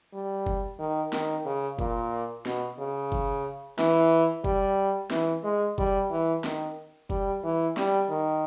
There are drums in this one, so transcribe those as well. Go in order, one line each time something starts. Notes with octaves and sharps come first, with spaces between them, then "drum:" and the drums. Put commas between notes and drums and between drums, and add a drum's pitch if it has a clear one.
G3
drum: kick F#1
D#3
D#3, drum: snare
C#3
A#2, drum: kick F#1
B2, drum: snare
C#3
drum: kick F#1
E3, drum: snare
G3, drum: kick F#1
E3, drum: snare
G#3
G3, drum: kick F#1
E3
D#3, drum: snare
G3, drum: kick F#1
E3
G3, drum: snare
D#3